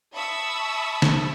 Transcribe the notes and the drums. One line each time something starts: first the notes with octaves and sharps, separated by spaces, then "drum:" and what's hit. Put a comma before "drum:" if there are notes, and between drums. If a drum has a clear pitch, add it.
E5 A5 B5 C#6 D#6 E6
drum: snare